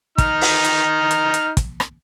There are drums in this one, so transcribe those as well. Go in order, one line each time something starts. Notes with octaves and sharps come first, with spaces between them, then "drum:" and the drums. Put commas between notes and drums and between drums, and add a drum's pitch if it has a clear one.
D#4 F6, drum: kick, hi-hat
drum: open hi-hat
drum: hi-hat
drum: hi-hat
drum: hi-hat
drum: kick, hi-hat
drum: rim click